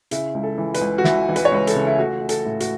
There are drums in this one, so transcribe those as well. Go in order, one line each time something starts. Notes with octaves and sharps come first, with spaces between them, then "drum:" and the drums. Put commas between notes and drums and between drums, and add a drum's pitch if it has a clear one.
C#3 E4, drum: hi-hat
C#2
A4
E3
B4, drum: hi-hat
C#2
F#4
E3 E4, drum: snare
E3
B4, drum: hi-hat
C#5
C#2 B4
A4, drum: hi-hat
C#3
E4
A3 F#4
A3
A4, drum: hi-hat
A2
F#4, drum: hi-hat